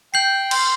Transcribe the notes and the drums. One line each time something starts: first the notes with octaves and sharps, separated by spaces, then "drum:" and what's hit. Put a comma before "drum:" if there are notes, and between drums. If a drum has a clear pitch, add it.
G5 G6 C7 F#7
C6, drum: cymbal